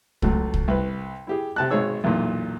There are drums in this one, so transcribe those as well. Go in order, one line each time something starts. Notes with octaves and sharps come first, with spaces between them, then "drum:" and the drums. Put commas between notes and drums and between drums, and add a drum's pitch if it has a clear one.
C#2 F#3 A3, drum: kick
drum: kick
C2 B4
E4 G4 G#4
C3 A5 F#6
G#1 G#2 B2 G#4 C#5 E6
B1 E2 A#2